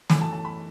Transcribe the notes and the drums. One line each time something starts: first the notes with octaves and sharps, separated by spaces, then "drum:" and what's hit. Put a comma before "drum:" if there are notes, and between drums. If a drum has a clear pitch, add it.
F#2 E3 A3 B5, drum: snare
A5
A5
B5